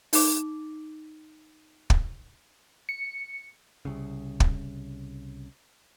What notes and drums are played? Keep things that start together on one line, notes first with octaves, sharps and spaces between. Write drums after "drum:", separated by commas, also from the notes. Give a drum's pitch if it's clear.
D#4 D6, drum: open hi-hat
drum: kick
C#7
C2 C#3
drum: kick